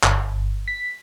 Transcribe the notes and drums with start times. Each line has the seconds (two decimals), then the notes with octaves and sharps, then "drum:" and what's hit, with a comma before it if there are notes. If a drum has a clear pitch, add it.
0.04 G1, drum: clap
0.68 B6